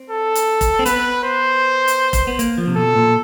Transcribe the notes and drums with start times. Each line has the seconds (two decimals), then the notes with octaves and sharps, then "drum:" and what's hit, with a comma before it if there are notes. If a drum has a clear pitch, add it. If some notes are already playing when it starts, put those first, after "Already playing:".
Already playing: C4
0.10 A4
0.35 drum: hi-hat
0.61 drum: kick F1, hi-hat
0.79 C4
0.86 B3 B4, drum: hi-hat
1.24 C5
1.88 drum: hi-hat
2.13 drum: kick F1, hi-hat
2.27 B3
2.39 A#3, drum: hi-hat
2.58 F3
2.67 C3
2.76 B2 A4
2.96 A#2